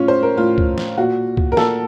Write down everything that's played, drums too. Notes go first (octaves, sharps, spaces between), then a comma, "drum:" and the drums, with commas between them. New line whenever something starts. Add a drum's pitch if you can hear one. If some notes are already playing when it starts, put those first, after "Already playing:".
Already playing: A2 C#4 F4
C5
A#4
A2 F4
drum: kick
drum: snare
A#2 F#4
drum: kick
A#4
A#2 A4, drum: snare